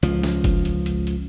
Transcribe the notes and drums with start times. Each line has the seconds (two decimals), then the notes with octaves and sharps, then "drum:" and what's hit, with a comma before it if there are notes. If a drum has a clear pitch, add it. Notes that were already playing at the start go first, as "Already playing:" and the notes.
0.03 C#2 F3, drum: hi-hat
0.23 drum: snare
0.44 drum: kick F#1, hi-hat
0.65 drum: hi-hat
0.86 drum: hi-hat
1.07 drum: hi-hat